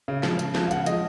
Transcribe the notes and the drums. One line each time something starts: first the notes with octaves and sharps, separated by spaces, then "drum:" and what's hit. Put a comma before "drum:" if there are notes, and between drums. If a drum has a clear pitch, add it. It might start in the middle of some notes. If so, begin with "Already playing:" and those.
C#3
F3 G#3, drum: snare
C#3, drum: hi-hat
F3 G#3, drum: snare
F5
C#3 F#5, drum: hi-hat
F3 G#3 D#5, drum: hi-hat